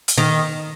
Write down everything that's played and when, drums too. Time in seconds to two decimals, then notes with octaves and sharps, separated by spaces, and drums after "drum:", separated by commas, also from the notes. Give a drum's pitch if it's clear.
0.08 drum: hi-hat
0.18 D#3